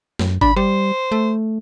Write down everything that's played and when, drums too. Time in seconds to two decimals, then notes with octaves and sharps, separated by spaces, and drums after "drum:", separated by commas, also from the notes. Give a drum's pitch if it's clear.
0.19 F#2, drum: snare
0.41 D4 B5, drum: kick
0.56 G3 C5
1.12 A3